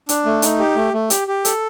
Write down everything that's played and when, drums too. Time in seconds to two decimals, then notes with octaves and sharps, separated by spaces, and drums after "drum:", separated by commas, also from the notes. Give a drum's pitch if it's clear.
0.09 D4, drum: hi-hat
0.26 A3
0.42 D#4, drum: hi-hat
0.59 G4
0.76 A3
0.93 A3
1.10 G4, drum: hi-hat
1.28 G4
1.45 A4, drum: hi-hat